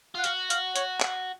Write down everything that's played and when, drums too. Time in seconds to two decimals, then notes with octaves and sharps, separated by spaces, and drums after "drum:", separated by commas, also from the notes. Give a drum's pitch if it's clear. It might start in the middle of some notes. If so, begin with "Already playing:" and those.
0.15 F4 F#5
0.24 F#4 F5, drum: hi-hat
0.50 F5, drum: hi-hat
0.76 C#5, drum: hi-hat
1.01 drum: clap